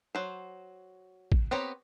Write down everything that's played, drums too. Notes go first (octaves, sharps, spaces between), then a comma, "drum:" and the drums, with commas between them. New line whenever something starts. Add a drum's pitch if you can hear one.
F#3 C5
drum: kick A1
B3 C4 G4 C#5 A#5